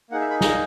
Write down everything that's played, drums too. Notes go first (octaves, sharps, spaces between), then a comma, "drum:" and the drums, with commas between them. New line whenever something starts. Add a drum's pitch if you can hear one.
A#3 D#4 G#4 F#5
E5
B5
A#5, drum: snare